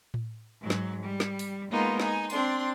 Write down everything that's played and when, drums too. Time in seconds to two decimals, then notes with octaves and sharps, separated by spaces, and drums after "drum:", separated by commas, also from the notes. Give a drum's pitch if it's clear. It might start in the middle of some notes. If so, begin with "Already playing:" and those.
0.14 drum: tom A2
0.60 G#2 F#3
0.70 drum: snare
1.03 G3
1.20 drum: snare
1.39 drum: open hi-hat
1.70 G#3 A#3 B3 D#4 F4
2.00 D#4 G#5, drum: snare
2.30 C4 D4 C6, drum: tambourine